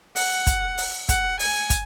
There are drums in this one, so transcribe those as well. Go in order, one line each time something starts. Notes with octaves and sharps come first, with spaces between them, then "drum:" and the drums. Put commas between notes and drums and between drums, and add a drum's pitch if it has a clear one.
F#5, drum: open hi-hat
drum: kick, hi-hat
drum: open hi-hat
F#5, drum: kick, hi-hat
G#5, drum: open hi-hat
drum: kick, hi-hat